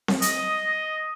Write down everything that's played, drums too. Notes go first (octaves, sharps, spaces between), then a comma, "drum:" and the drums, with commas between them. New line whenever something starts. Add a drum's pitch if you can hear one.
drum: snare C4
D#5, drum: hi-hat